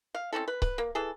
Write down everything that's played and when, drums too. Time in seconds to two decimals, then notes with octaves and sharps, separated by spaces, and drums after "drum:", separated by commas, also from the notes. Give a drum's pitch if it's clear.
0.14 F5
0.33 C4 C#4 E4 A4
0.48 B4
0.62 B4, drum: kick C#1
0.78 A#3
0.95 E3 G#4 A4